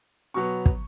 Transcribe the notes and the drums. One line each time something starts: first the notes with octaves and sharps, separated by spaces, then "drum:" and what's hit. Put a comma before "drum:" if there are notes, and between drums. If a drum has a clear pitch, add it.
B2 F#3 B3 C#6
drum: kick